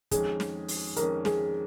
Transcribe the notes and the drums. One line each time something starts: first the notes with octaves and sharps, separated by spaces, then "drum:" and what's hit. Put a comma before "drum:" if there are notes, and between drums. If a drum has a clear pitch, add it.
F2 D#3 G#3 C#4 G#4, drum: kick, hi-hat
drum: snare
drum: open hi-hat
F2 D#3 G#3 C#4 A#4, drum: hi-hat
G#4, drum: snare